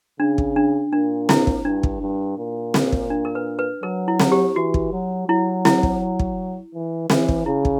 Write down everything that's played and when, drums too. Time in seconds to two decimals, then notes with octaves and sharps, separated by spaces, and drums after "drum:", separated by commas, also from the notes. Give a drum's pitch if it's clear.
0.20 C#3 D4
0.38 drum: kick
0.56 D4
0.92 A#2 D4
1.29 E4, drum: snare C4
1.47 drum: kick
1.65 G2 D4
1.83 drum: kick
2.01 G2
2.37 A#2
2.74 drum: snare C4
2.92 drum: kick
3.10 D4
3.25 A#4
3.35 B4
3.59 B4
3.83 F#3 A#4
4.08 E4
4.20 drum: snare C4
4.32 G4
4.56 E3 F#4
4.74 drum: kick
4.93 F#3
5.28 F#3 E4
5.65 E4, drum: snare C4
5.83 drum: kick
6.19 drum: kick
6.74 E3
7.10 E3, drum: snare C4
7.28 drum: kick
7.46 C#3 E4
7.65 drum: kick